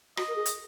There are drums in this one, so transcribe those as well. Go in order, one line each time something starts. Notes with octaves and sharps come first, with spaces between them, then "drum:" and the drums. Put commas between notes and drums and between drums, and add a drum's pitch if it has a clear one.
F#4 D#5, drum: rim click
A#4
G#4
drum: hi-hat